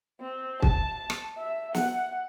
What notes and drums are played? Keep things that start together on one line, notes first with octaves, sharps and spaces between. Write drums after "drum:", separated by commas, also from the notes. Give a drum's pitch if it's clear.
C4
A5, drum: kick
drum: rim click
E5
F#5, drum: snare